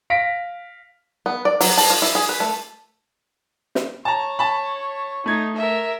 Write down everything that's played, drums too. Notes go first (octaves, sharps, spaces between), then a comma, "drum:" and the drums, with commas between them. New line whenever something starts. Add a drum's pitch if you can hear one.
F5 A#6 B6 D7
B3
D5
F#3, drum: open hi-hat
A5, drum: open hi-hat
F4
E4
G#4
B4
A3
drum: snare
C#5 A5 A#5
A5 B5
A3 D#4 G#6
A#4 E5